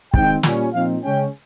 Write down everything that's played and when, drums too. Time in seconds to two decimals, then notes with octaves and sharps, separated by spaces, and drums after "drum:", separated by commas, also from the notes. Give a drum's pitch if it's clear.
0.14 D#3 G#3 C4 D#4 G5, drum: kick
0.43 A#2 G3 C#4, drum: snare
0.73 A#2 F3 C4 D#4 F5
1.02 C#3 G#3 C#4 G5